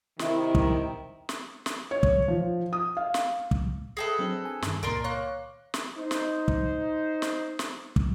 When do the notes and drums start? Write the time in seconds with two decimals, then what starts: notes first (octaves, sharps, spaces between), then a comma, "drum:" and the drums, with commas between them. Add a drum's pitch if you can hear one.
0.19 C3 D#3 E4, drum: snare
0.55 drum: kick
1.29 drum: snare
1.66 drum: snare
1.91 C#5
2.03 drum: kick
2.28 F3
2.73 D#6
2.97 F5
3.14 drum: snare
3.51 drum: kick
3.97 G#4 A4 B4 E5 G5 A#6
4.19 F#3 C4 D4
4.45 G#5
4.62 G2 D#3, drum: snare
4.83 C#2 A#2 A#4 D5 C6
5.04 A#3 C#5 C#6 F#6
5.74 drum: snare
5.97 D#4 C5
6.11 drum: snare
6.48 drum: kick
7.22 drum: snare
7.59 drum: snare
7.96 drum: kick